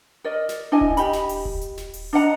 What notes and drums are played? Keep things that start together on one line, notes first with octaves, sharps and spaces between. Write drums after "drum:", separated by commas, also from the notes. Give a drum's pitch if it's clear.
A#4 D5 D#5
drum: snare
D4 E4 D#5 G#5
drum: kick D#1
G4 D#5 B5, drum: hi-hat
drum: snare
drum: open hi-hat
drum: kick D#1
drum: hi-hat
drum: snare
drum: open hi-hat
D4 D#5 F#5 A#5